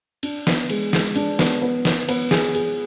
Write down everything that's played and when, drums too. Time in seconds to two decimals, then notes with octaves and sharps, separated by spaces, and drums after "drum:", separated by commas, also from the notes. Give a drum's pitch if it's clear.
0.23 D4, drum: cymbal
0.47 B3, drum: snare
0.70 G#3, drum: cymbal
0.93 G#3, drum: snare
1.16 D4, drum: cymbal
1.39 B3, drum: snare
1.62 B3
1.85 B3, drum: snare
2.09 B3, drum: cymbal
2.31 G#4, drum: snare
2.55 G#4, drum: cymbal